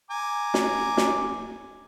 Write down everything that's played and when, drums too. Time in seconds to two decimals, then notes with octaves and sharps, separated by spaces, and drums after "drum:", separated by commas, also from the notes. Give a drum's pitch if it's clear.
0.11 G#5 A#5 D6
0.54 drum: snare
0.97 drum: snare